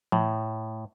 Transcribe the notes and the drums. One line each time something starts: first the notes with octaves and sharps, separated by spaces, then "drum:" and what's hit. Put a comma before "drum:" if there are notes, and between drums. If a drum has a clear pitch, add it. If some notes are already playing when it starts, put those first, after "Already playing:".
A2, drum: tom E3